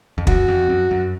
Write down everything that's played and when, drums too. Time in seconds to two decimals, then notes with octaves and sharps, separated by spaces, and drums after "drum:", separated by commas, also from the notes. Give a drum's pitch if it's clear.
0.18 F2
0.27 F#2 F#4, drum: kick
0.48 F2
0.69 F#2
0.91 F#2